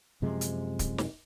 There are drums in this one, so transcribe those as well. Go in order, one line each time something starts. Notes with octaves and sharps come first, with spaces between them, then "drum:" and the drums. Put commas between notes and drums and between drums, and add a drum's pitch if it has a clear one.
F#2 C3 F3 G#3
drum: hi-hat
drum: kick D1, hi-hat
drum: snare